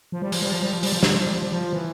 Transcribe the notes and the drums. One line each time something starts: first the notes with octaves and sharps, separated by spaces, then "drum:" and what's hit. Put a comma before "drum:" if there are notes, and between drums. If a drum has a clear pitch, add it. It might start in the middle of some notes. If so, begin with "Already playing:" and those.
F3
G3
F3, drum: open hi-hat
G3
F3
G3
F3
G3, drum: open hi-hat
F3
G3, drum: snare
F3
G3
F3
G3
F3
E3